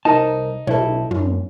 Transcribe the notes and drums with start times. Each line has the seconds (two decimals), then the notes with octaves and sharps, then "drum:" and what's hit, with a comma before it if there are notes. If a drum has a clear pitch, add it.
0.05 C2 D#4 A#4 A5
0.67 B1 E4 A4, drum: tom
1.11 F#2, drum: tom